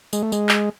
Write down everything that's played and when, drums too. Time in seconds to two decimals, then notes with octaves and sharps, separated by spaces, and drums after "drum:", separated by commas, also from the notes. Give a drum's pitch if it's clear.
0.13 G#3, drum: tambourine
0.23 A3
0.32 G#3, drum: tambourine
0.49 drum: clap